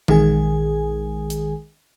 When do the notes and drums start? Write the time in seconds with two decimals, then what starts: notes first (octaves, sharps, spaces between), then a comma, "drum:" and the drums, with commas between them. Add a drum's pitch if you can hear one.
0.08 A#1 D#3 G#3 G#4 G#5, drum: tom E3
1.30 drum: hi-hat